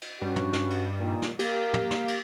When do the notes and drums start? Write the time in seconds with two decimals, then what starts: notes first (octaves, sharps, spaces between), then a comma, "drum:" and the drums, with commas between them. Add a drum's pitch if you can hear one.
0.01 drum: cymbal
0.21 G2 C#4 F#4
0.36 drum: tom
0.53 drum: snare
0.70 drum: cymbal
0.99 A#2 D#3
1.22 drum: snare
1.39 A#3 G4 F5, drum: cymbal
1.74 drum: tom
1.91 drum: snare
2.08 drum: cymbal